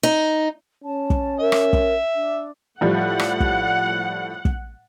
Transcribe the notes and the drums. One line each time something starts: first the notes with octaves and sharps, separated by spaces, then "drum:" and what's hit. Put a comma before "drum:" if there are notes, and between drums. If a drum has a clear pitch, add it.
D#4
C#4 A5
drum: kick
A#4 E5
drum: rim click
drum: kick
D4
A2 F3 G3 F#5
drum: rim click
drum: kick
drum: kick